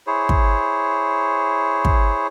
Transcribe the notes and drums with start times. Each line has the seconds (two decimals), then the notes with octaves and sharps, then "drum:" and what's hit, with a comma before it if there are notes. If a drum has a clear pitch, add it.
0.07 E4 G#4 C5 C#5
0.29 drum: kick
1.85 drum: kick